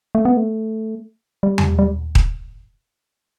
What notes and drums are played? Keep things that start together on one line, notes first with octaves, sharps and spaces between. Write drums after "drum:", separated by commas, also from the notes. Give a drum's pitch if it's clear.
A3
B3
A3
G3
drum: tom E2
G3
drum: kick D#1